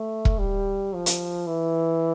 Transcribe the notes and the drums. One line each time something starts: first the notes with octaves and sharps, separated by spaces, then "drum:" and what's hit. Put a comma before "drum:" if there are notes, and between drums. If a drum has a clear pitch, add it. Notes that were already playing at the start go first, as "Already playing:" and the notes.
Already playing: A3
drum: kick E1
G3
F3
drum: hi-hat
E3